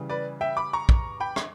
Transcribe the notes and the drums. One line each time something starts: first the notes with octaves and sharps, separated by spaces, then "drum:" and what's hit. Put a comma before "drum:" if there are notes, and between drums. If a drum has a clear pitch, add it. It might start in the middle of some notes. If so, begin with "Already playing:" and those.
Already playing: C#3 E3 G3
B4 D5
E5 G5
B5 D6
A#5 C#6
drum: kick
G5 B5
drum: rim click